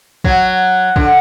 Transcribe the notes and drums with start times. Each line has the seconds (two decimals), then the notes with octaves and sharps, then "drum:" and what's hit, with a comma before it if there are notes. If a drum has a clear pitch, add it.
0.24 F#3, drum: kick
0.96 D3, drum: kick